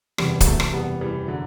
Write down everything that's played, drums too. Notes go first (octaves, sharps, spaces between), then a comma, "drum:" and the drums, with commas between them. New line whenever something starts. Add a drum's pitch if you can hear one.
F#1 E2 C3 E3 G3, drum: rim click
G3, drum: kick, hi-hat
F#3 A3
drum: rim click
G3 B3
E3 G3
D3 F#3